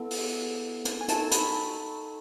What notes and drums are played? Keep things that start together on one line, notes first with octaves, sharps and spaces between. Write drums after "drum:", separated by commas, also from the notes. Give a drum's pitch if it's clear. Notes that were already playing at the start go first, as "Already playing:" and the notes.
Already playing: B3 E4 A4
drum: open hi-hat
drum: hi-hat
G#5
D#4 F#4 A4 A5, drum: hi-hat
B5, drum: hi-hat